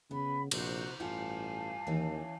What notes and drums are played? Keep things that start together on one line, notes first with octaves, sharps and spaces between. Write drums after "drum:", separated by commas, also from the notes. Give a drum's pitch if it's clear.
C#3 B3 B5
A#1 C3 F#4 C5, drum: cymbal
A1 G2 F4 F5 F#5 G#5 A5
D#2 E3 C#4